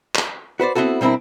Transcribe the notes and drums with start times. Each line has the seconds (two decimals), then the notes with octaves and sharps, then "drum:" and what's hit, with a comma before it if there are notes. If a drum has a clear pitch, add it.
0.15 drum: clap
0.60 F#4 B4 C5 D5
0.75 B3 C4 E4 F#4 A4
1.01 B2 G3 C4 D4 E4 A#4